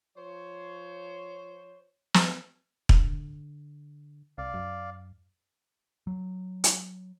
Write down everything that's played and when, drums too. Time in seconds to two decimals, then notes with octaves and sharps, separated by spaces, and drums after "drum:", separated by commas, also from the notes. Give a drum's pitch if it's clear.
0.16 F3 C5 C#5
2.14 drum: snare
2.89 D3, drum: kick
4.38 C2 D5 F5
4.54 F#2
6.07 F#3
6.64 drum: hi-hat